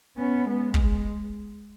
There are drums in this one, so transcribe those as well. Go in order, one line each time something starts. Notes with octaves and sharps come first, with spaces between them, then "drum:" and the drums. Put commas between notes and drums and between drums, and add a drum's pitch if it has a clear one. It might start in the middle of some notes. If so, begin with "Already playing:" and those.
B3 C#4
G#3 B3
G#3, drum: kick